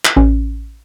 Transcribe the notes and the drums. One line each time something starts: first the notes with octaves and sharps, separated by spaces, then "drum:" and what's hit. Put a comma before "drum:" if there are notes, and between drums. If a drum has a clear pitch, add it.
drum: clap
A1 C#4